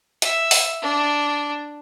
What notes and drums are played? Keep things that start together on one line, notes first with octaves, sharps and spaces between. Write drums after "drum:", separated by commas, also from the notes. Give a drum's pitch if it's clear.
E5, drum: hi-hat
drum: open hi-hat
D4